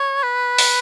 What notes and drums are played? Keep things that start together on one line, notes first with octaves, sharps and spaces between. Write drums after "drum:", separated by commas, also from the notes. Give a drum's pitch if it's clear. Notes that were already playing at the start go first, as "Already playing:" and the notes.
Already playing: C#5
B4
drum: open hi-hat